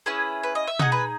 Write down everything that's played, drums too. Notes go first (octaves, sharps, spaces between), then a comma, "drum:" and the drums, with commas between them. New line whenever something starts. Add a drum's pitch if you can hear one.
C#4 E4 G#4 B4
B4
D#5
E5
D#4 G#4 F#5, drum: tom B2
B4